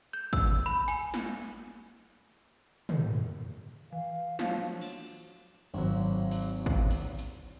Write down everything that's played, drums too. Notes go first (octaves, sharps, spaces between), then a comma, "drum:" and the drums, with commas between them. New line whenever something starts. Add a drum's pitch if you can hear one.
G6
E6, drum: kick
B5
G#5, drum: hi-hat
drum: snare
drum: tom
E3 F5
F3 F#3 D4, drum: snare
drum: cymbal
G#1 F#3, drum: cymbal
drum: open hi-hat
drum: kick
drum: open hi-hat
drum: hi-hat